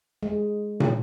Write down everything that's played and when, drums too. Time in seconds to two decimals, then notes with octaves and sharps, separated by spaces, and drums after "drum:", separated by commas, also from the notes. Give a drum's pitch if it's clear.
0.23 G#3
0.80 drum: tom